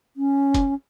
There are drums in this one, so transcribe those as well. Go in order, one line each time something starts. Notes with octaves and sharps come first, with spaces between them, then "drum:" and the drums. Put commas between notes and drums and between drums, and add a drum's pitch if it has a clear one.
C#4
drum: kick, hi-hat